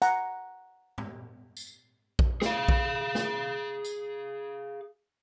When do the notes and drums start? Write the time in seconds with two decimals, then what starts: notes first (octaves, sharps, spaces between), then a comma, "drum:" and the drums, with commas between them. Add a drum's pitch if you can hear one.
0.02 F#5 A#5, drum: hi-hat
0.98 drum: tom G#2
1.57 drum: tambourine
2.19 drum: kick A#1
2.42 G#4 F5, drum: snare
2.68 drum: kick A#1
3.15 drum: snare
3.85 drum: tambourine